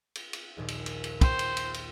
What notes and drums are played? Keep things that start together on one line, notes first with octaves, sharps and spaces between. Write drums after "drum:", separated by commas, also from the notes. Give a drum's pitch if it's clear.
drum: cymbal
drum: cymbal
A#1 D#2 A#2
drum: cymbal
drum: cymbal
drum: cymbal
C5 G5 C#6, drum: kick, cymbal
drum: cymbal
drum: cymbal
drum: cymbal